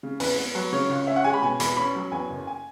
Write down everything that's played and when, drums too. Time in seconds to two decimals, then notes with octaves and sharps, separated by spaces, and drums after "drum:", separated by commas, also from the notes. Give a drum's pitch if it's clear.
0.03 C#3
0.20 E2 B4, drum: open hi-hat
0.37 B3
0.55 F#3
0.72 C#3 C#5
0.90 C#2
1.07 C#4 E5
1.16 F#5
1.24 G#3 G#5
1.34 B5
1.42 B2 G#5
1.60 E2 B5, drum: hi-hat
1.77 C#4 B5
1.95 F#3
2.12 E2 G#5
2.30 F#1
2.47 G#5